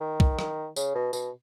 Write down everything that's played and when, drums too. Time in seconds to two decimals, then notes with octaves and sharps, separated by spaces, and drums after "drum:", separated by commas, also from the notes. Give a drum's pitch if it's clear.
0.01 D#3
0.20 drum: kick
0.39 drum: rim click
0.76 C#3, drum: tambourine
0.95 B2
1.13 B2, drum: tambourine